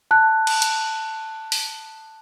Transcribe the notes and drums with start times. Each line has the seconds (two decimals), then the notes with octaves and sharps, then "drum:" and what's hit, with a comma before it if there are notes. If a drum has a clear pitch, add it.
0.11 A5 F#6
0.47 drum: cymbal
0.62 drum: hi-hat
1.52 drum: open hi-hat